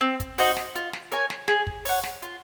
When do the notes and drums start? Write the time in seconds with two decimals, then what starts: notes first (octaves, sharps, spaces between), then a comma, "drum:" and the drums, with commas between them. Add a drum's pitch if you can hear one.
0.01 C4
0.20 drum: kick, hi-hat
0.38 D#4 F#4 C5, drum: open hi-hat
0.57 drum: snare
0.75 F4, drum: hi-hat
0.93 drum: snare
1.12 A#4 C#5 G#5, drum: hi-hat
1.30 drum: snare
1.48 G#4, drum: snare
1.67 drum: kick
1.85 C#5 F#5, drum: open hi-hat
2.03 drum: snare
2.22 F4, drum: hi-hat